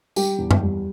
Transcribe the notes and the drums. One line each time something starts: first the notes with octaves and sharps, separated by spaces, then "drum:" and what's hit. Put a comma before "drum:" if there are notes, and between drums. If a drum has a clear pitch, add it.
G3 G4, drum: tambourine
E2
drum: tom F#2
G3